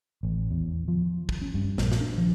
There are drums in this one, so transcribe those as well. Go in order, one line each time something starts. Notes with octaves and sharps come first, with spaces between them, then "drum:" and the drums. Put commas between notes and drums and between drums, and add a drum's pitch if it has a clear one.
A1
E2
F3
drum: kick
C#4
G2
A#1, drum: snare
drum: snare
D4
F3